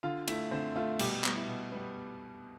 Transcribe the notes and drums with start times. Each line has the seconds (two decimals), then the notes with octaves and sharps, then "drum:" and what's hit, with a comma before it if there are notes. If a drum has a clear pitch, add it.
0.03 D3 F4 F5
0.28 A3 E4 E5, drum: cymbal
0.51 D3 C4 C5
0.76 A3 F4
0.99 B2 G3 G4, drum: cymbal
1.11 G3 G4
1.24 G3 B3, drum: clap
1.36 E4
1.48 B2
1.72 G3 B3